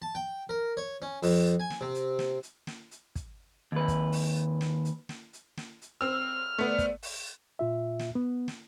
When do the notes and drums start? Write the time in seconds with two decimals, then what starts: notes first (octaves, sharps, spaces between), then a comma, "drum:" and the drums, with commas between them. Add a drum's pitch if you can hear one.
0.02 A5
0.15 G5
0.49 A#4
0.77 C#5
1.02 C#4
1.23 F2, drum: open hi-hat
1.60 G#5
1.70 drum: snare
1.81 C3
1.94 drum: hi-hat
2.19 drum: snare
2.43 drum: hi-hat
2.67 drum: snare
2.91 drum: hi-hat
3.15 drum: kick, hi-hat
3.72 D#2 B4
3.88 drum: kick, hi-hat
4.12 drum: open hi-hat
4.61 drum: snare
4.85 drum: hi-hat
5.09 drum: snare
5.33 drum: hi-hat
5.57 drum: snare
5.82 drum: hi-hat
6.01 C4 E6 F6
6.58 D3 A3 B3 C5
6.78 drum: kick, hi-hat
7.03 drum: open hi-hat
7.59 A#2 F4 E5
7.99 drum: snare
8.15 B3
8.48 drum: snare